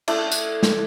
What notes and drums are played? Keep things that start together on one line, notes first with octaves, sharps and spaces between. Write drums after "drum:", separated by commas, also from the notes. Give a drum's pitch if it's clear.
A3 E4 A4 D5, drum: cymbal
drum: tambourine
drum: snare